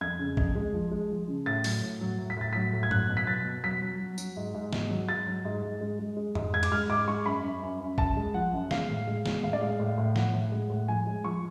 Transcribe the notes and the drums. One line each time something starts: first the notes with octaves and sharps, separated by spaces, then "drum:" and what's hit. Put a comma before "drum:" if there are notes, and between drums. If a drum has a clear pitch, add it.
F2 G#6
C#3
F2, drum: kick
G#3
F3
G#3
F3
C#3
A2 A6
F#3, drum: open hi-hat
A2
F#3
A2
B6
A2 A6
F#3 B6
A2
G#6
F#3 F#6, drum: tom G2
B2
B6
F#3 A6
B2
F#3 B6
F#3
F#3
F#3, drum: tambourine
G#2
G#2
G#2, drum: snare
F#3
G#2 A6
F#3
G#2
G#2
G#3
G#3
G#3
G#2, drum: tom F2
G#2 G#6
D6, drum: cymbal
G#3 F6
G#2 D6
G#3 C#6
F#2 B5
F#2
F#2
F#2
F#2 A5, drum: kick
G#3
F3 F#5
F#2
G#3 F5, drum: snare
A2
G#3
G#3, drum: snare
A2 F5
D5
G#3 F5
A2
A2
F3 F#5, drum: snare
A2
G#3
A2
F3 G#5
G#3
F3 C#6